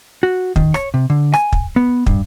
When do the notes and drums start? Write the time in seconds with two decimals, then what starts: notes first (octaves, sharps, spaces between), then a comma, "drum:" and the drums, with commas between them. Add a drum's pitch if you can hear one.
0.23 F#4
0.56 D#3, drum: kick
0.74 C#5, drum: rim click
0.94 C3
1.10 D3
1.34 G#5, drum: rim click
1.53 drum: kick
1.76 B3
2.06 G2, drum: kick